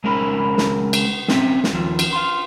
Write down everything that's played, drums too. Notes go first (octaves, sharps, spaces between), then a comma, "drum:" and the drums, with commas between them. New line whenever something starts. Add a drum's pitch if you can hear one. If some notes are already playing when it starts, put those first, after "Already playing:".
C#2 G#3 C#4 A#4 E5 B5
drum: snare
drum: cymbal
C4 C#4 E5, drum: snare
drum: snare
D#2 F3
drum: cymbal
F5 C6